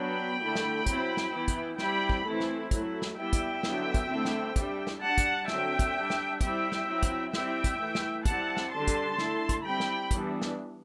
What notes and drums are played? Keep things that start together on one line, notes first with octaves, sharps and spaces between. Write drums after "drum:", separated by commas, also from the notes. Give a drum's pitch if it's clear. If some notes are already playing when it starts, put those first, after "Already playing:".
Already playing: F#3 B3 D4 G5 B5
D3 A3 E4
drum: snare
F#3 C4 E4, drum: kick, hi-hat
drum: snare
E3 B3 E4
drum: kick, hi-hat
G3 C4 E4 G5 B5, drum: snare
drum: kick
E3 A3 C4 E4
drum: snare
F#3 A3 E4, drum: kick, hi-hat
drum: snare
G3 B3 E4 E5 G5
drum: kick, hi-hat
D3 F#3 B3 E4, drum: snare
drum: kick, hi-hat
D3 A3 C4 E4
drum: snare
G3 D4, drum: kick, hi-hat
drum: snare
G3 D4 F#5 A5
drum: kick, hi-hat
D3 F#3 C4 E5 G5, drum: snare
drum: kick, hi-hat
G3 D4
drum: snare
G3 C4 E4 E5 G5, drum: kick, hi-hat
drum: snare
F#3 C4 E4
drum: kick, hi-hat
G3 C4 E4 E5 G5, drum: snare
drum: kick, hi-hat
E3 A3 E4
drum: snare
G3 C4 E4 F#5 A5, drum: kick, hi-hat
drum: snare
D3 G3 D4 A5 C6
drum: kick, hi-hat
D3 A3 E4, drum: snare
drum: kick, hi-hat
G3 C4 E4 G5 B5
drum: snare
E3 G3 B3 D4, drum: kick, hi-hat
drum: snare